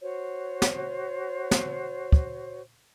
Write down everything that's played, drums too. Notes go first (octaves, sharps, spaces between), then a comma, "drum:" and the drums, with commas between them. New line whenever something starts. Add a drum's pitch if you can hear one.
F#4 C5 C#5
drum: snare
drum: snare
drum: kick